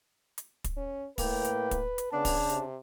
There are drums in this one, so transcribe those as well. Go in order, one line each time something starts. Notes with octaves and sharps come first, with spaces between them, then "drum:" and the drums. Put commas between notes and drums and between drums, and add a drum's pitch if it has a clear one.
drum: hi-hat
drum: kick, hi-hat
C#4
A2 A#3 B4 G5, drum: kick, open hi-hat
drum: hi-hat
drum: kick, hi-hat
drum: hi-hat
C#3 B3 D4 A5
drum: kick, open hi-hat
C3, drum: hi-hat